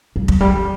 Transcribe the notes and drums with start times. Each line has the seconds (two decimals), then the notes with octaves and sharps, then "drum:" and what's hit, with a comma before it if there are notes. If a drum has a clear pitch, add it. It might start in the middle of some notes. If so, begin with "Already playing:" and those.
0.16 F#3
0.28 F#3, drum: kick
0.41 G3